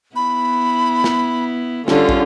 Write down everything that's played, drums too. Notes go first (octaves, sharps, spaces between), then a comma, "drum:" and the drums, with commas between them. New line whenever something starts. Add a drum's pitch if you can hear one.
B3 E4 B5
drum: snare
D3 G3 C#4 F4, drum: snare
drum: kick